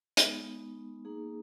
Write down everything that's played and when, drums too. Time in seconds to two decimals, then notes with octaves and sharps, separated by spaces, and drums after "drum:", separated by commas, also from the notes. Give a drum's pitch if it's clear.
0.17 G#3 B3 D#4, drum: hi-hat
1.05 A#3 D#4 G#4